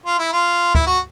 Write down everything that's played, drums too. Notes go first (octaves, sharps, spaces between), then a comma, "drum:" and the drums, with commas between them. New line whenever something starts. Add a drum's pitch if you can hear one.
F4
E4
F4
E4, drum: kick D2
F#4